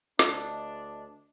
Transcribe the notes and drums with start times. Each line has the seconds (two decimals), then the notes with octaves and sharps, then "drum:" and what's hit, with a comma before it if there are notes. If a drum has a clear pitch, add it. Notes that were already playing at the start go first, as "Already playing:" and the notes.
0.19 D2 D4 D#5, drum: snare